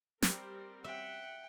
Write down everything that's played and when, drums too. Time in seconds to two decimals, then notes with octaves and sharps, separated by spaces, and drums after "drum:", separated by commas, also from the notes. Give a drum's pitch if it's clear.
0.22 G3 C4 A#4, drum: snare
0.84 E5 F#5 G5